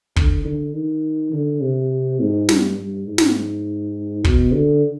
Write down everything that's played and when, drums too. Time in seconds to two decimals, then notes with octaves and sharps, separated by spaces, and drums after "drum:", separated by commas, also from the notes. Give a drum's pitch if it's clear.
0.16 D3, drum: kick
0.45 D3
0.74 D#3
1.33 D3
1.61 C3
2.20 G#2
2.49 G2, drum: snare
2.78 G2
3.08 G#2
3.18 drum: snare
4.24 B2, drum: kick
4.53 D3